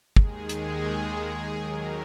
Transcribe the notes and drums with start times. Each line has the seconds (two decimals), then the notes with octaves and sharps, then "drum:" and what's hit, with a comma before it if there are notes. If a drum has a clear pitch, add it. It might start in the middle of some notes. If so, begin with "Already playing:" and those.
0.16 D#2 D#3 G#3 G#4, drum: kick
0.49 drum: hi-hat
1.24 G#4
1.59 D#2 D#3 F#3 A#4